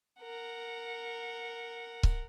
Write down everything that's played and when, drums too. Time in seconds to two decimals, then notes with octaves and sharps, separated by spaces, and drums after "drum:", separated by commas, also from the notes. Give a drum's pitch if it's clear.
0.22 A#4 F#5
2.03 drum: kick C#1